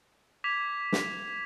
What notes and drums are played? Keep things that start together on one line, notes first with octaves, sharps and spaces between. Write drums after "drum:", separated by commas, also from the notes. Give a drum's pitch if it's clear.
D6 G#6 B6 F7
drum: snare